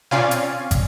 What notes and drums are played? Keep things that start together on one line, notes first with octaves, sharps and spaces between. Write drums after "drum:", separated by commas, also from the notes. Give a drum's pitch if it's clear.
C4 C#4 F4 D5 F5 G#5, drum: snare
drum: hi-hat
drum: kick, hi-hat